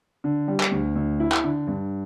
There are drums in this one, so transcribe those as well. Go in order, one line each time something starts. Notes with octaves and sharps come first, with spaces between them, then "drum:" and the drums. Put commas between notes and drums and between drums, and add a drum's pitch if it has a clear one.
D3
G3
drum: clap
D2
D2
E4
drum: clap
D3
G2